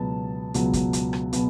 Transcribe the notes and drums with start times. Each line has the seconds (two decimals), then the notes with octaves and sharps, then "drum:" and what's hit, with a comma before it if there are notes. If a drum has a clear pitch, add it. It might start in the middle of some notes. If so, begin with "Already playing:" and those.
Already playing: C#2 B2 F#3 B3 A5
0.54 C#2 B2 F#3 B3, drum: hi-hat
0.73 drum: kick, hi-hat
0.93 drum: hi-hat
1.13 drum: rim click
1.33 B2 F#3 B3, drum: hi-hat